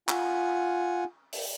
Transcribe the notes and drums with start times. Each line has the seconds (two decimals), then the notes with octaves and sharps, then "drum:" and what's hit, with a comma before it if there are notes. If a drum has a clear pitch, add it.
0.09 F4 F#5 G#5, drum: clap
1.33 drum: open hi-hat